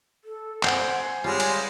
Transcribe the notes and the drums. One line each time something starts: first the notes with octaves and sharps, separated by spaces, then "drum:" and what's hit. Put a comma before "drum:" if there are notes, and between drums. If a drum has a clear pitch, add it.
A4
C5 D5 F#5 G#5, drum: clap
G3 G#3 F4 C#5
drum: cymbal